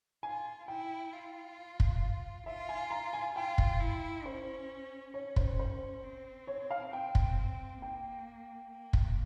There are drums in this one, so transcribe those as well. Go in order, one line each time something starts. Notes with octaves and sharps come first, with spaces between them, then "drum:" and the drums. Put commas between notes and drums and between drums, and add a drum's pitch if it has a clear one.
F4 G#5
E4 G5
F4
drum: kick
F4 E5
G#5
A#5
G#5
F4 G5
drum: kick
E4
C#4 C5
C#4 C#5
C5, drum: kick
C5
C4
C#5
F5
C4 G5
drum: kick
A#3 G5
A#3
drum: kick